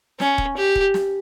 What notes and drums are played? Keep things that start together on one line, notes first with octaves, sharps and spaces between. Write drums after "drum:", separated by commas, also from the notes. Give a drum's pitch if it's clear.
C#4, drum: snare
drum: kick D#1
G4
drum: kick D#1
drum: snare